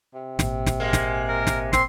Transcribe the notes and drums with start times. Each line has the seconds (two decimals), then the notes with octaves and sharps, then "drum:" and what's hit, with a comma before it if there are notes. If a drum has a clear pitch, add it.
0.15 C3
0.39 G#1 A#2, drum: snare
0.66 drum: snare
0.80 G#3 A#3
0.93 drum: snare
1.28 A#4
1.47 drum: snare
1.73 C4 C6, drum: snare